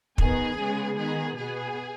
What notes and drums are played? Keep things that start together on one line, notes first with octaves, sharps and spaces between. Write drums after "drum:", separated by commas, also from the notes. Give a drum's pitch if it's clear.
D#3 B3 G#4, drum: kick
C#3 G#3 B3
D#3 B3 G#4
B2 B3 G#4